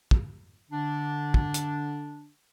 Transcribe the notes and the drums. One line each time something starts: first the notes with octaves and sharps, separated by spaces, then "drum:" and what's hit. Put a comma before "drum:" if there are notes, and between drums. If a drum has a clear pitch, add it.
drum: kick
D3 D4
drum: kick
drum: hi-hat